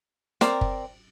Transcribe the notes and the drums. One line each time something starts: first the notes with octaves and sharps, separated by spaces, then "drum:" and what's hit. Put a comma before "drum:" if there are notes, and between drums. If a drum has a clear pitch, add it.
C4 A#4 D5, drum: snare
drum: kick